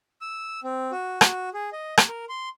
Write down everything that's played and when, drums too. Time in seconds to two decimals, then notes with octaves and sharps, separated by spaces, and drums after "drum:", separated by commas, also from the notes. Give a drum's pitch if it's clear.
0.21 E6
0.64 C4
0.92 F#4
1.21 F#4, drum: rim click
1.54 G#4
1.73 D#5
1.97 drum: rim click
2.08 A#4
2.29 C6